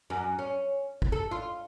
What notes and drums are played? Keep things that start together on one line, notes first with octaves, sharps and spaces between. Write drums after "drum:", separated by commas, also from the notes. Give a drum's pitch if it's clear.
F#2
C#4
drum: kick
A4
F4